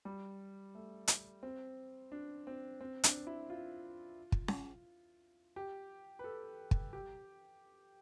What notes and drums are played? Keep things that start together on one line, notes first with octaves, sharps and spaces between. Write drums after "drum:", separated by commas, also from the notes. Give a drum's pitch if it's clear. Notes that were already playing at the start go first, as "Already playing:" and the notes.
G3
A3
drum: hi-hat
C4
D4
C4
C4
D4, drum: hi-hat
E4
F4
drum: kick
drum: snare C#4
G4
B4
A4
drum: kick
G4